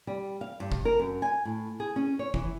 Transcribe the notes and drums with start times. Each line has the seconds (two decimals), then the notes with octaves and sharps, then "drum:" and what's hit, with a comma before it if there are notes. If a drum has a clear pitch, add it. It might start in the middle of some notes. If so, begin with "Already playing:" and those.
0.07 G3
0.41 F5
0.60 G2
0.72 drum: kick G1
0.85 A#4
1.00 F#2
1.22 G#5
1.45 A2
1.80 G#4
1.96 C#4
2.19 C#5
2.34 E3, drum: kick G1